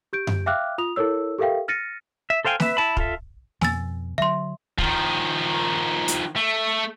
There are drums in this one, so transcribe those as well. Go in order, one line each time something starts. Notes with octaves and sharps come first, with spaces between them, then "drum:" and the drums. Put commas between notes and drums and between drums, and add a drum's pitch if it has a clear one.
G4 G6 D7
drum: tom F#2
E5 F5 G5 D6 F6 F#6
F4 D#6 F7
E4 A4 A#4 C#5 E6
G4 A4 A#4 E5 F5 G5
F6 A6 A#6 C#7 D#7
E5
A4 C5 F5 G5 G#5
B4 E5, drum: snare
E4 A5 B5
F4 A4 E5, drum: kick
F2 B2 G#5 E6 A6, drum: snare
D3 F#3 E5 C6
D#3 F3, drum: kick
drum: hi-hat
A3